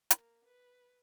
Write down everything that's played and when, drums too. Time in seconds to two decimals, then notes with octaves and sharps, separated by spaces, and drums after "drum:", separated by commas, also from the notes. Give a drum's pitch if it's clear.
0.11 A#3, drum: hi-hat
0.45 B4